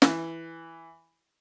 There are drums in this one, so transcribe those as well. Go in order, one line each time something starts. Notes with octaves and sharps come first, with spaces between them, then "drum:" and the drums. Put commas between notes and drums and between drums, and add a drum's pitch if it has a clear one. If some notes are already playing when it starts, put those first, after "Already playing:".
E3, drum: snare